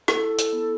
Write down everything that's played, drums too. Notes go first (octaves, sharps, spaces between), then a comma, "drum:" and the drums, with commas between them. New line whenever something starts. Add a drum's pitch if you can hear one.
E4 A4, drum: rim click
drum: hi-hat
B3